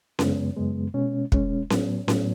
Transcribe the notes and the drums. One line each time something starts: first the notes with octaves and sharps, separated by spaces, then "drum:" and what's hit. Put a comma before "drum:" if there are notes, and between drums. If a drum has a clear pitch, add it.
F#2 C#3 G#3 B3, drum: snare C#4
F#2 C#3 G#3 B3
B2 G#3 C#4
B2 G#3 C#4, drum: kick
A2 F#3 B3, drum: snare C#4
A2 F#3 B3, drum: snare C#4